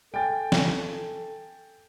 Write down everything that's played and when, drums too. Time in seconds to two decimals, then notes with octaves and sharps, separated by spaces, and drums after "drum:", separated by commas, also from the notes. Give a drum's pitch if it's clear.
0.14 A4 G5 G#5 A6
0.52 drum: snare